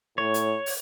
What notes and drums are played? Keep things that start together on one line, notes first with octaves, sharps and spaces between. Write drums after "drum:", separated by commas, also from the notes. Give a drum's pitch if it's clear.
A2 C#5
drum: hi-hat
drum: open hi-hat